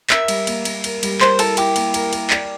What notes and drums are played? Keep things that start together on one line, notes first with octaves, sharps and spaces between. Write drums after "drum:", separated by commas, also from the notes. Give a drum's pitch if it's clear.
A#4 E5, drum: clap
G3, drum: cymbal
A#3, drum: cymbal
A#3, drum: cymbal
A#4, drum: cymbal
G3, drum: cymbal
A#4 C5, drum: clap
E4 A4, drum: cymbal
E4 G4, drum: cymbal
A#3, drum: cymbal
A#4, drum: cymbal
A#4, drum: cymbal
D5, drum: clap